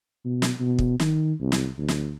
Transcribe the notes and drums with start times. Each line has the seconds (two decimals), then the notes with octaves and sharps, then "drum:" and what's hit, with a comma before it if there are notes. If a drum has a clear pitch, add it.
0.25 B2
0.42 drum: snare
0.60 B2
0.79 drum: kick
0.99 D#3, drum: snare
1.41 C2
1.52 drum: snare
1.78 D2
1.88 drum: snare